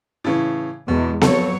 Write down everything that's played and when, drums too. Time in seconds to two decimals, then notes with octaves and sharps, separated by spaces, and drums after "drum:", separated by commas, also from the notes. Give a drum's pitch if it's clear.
0.24 A2 C#3 E3
0.88 E2 B2 G#3
1.21 F2 F#3 A4 C#5, drum: snare B3